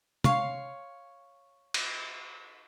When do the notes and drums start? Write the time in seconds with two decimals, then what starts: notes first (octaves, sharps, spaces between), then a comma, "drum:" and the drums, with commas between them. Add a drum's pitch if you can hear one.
0.24 C#5 F5 C6, drum: tom
1.74 drum: cymbal